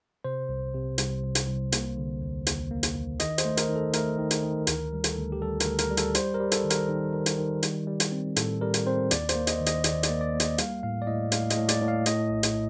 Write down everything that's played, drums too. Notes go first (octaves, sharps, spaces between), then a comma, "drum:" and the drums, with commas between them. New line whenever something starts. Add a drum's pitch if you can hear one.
C3 C5
C2
C3
C2, drum: hi-hat
C2
drum: hi-hat
C2
A#3, drum: hi-hat
D3
D#2
D#2, drum: hi-hat
A#3
drum: hi-hat
D#2
D#3 D#5, drum: hi-hat
C5, drum: hi-hat
A3
A#4, drum: hi-hat
D#3
A4
A3 A#4, drum: hi-hat
D#3
drum: hi-hat
D#3
D2 A#4, drum: hi-hat
G3
A4, drum: hi-hat
D2
G4
G3 A4
A#4, drum: hi-hat
D2
A#4, drum: hi-hat
G3
A4, drum: hi-hat
G3 C5, drum: hi-hat
A#4
G3
A4, drum: hi-hat
D#3
A#4, drum: hi-hat
D#3
D#3
drum: hi-hat
D#3
G3, drum: hi-hat
G3
drum: hi-hat
C4
A2 A4, drum: hi-hat
G3 A#4
drum: hi-hat
C4 C5
D#2 D5, drum: hi-hat
C5, drum: hi-hat
A#3
D#5, drum: hi-hat
D#3
D#5, drum: hi-hat
D#2 D5, drum: hi-hat
D5, drum: hi-hat
A#3
D5
A#3
D#5, drum: hi-hat
G3 F5, drum: hi-hat
A2 F5
D5
A2 D#5
A2 F5, drum: hi-hat
D#5, drum: hi-hat
A2
D5, drum: hi-hat
A2
F5
A2 D#5, drum: hi-hat
A#1
drum: hi-hat